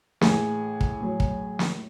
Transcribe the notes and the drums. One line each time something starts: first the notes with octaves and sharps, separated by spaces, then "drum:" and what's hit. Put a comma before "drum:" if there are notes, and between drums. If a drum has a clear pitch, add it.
A2 E3 G#4, drum: snare
drum: kick
A2 F#3
drum: kick
drum: snare